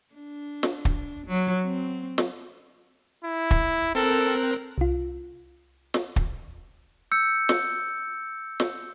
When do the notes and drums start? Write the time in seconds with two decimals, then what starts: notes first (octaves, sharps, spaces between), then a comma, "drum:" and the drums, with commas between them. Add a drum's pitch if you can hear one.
0.14 D4
0.63 drum: snare
0.85 drum: kick
1.26 F#3
1.65 C4
2.18 drum: snare
3.24 E4
3.51 drum: kick
3.95 C4 A4 A#4 F#6
4.78 C2 F4
5.94 drum: snare
6.16 drum: kick
7.12 E6 G6 C#7
7.49 drum: snare
8.60 drum: snare